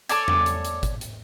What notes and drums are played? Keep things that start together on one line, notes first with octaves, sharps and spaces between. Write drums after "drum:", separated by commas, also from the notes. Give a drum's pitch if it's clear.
A4 C#5 D5 G#5, drum: hi-hat
drum: tom E2
drum: hi-hat
drum: hi-hat
drum: kick, hi-hat
drum: hi-hat